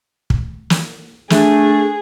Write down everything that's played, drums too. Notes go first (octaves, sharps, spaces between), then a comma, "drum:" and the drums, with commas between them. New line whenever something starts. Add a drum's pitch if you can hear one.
drum: kick
drum: snare
A3 D4 G#4, drum: snare